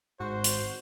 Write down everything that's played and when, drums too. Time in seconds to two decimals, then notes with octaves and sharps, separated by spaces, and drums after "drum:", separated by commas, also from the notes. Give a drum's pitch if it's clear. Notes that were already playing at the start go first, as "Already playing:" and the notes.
0.20 G#1 F#4 C5
0.44 drum: hi-hat